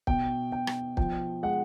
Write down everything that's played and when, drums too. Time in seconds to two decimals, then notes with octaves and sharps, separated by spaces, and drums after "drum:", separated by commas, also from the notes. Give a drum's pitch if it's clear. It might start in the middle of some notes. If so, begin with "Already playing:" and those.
0.07 B2 G5, drum: kick
0.52 B2 G5
0.67 drum: rim click
0.97 F3 G5, drum: kick
1.43 G#3 F#5